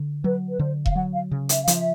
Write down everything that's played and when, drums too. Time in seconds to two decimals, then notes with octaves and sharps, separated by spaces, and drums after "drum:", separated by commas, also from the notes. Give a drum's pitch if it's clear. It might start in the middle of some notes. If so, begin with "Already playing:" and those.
Already playing: D3
0.24 F#3 B4
0.49 B4
0.59 D3 C5
0.86 F5, drum: kick E1
0.95 F#3 F#5
1.13 F5
1.31 C#3
1.49 E5, drum: hi-hat
1.62 F5
1.67 F3, drum: hi-hat
1.75 E5